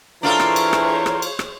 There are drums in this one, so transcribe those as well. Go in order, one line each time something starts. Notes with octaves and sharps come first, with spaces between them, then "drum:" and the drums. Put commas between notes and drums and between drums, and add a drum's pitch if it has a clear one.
E3 D4 F4 G#4 A4 C5 C#5 A#5
drum: rim click
drum: cymbal
drum: rim click
drum: rim click
drum: cymbal
drum: rim click